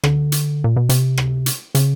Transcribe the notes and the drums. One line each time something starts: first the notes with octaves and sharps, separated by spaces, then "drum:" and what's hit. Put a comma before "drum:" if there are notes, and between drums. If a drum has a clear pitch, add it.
D3, drum: rim click
drum: hi-hat
A#2
B2
C3, drum: hi-hat
drum: rim click
drum: hi-hat
C#3, drum: hi-hat